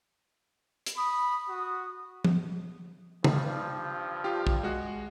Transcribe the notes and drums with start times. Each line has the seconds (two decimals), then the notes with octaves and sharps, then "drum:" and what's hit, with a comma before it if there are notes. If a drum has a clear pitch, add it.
0.86 drum: hi-hat
0.97 B5 D#6
1.49 F#4 D#6
2.25 drum: tom F3
3.24 G2 F3, drum: tom C#3
4.24 F4 G4
4.47 drum: kick
4.63 G#3 F#4